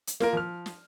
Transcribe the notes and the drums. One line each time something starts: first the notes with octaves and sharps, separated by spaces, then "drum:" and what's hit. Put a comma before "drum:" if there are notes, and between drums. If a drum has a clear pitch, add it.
drum: hi-hat
A#3 F4 A#4, drum: snare
F3 F6
drum: snare